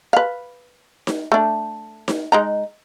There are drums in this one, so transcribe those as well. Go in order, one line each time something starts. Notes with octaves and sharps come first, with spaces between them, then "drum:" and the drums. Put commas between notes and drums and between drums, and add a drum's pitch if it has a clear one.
B4 F5
drum: snare D#4
A3 D4
drum: snare D#4
G#3 D#4 A#5